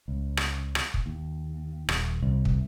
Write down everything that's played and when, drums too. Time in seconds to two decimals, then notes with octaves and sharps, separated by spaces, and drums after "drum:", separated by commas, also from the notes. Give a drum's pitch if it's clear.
0.08 C#2
0.37 drum: rim click
0.75 drum: rim click
0.94 drum: kick
1.06 D#2
1.89 D#1, drum: rim click
2.22 C2
2.45 drum: kick